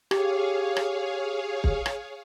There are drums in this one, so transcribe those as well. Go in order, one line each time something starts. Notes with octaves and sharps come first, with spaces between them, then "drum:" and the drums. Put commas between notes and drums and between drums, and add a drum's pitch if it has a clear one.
G4 G#4 C#5 F5, drum: rim click
drum: rim click
drum: kick
drum: rim click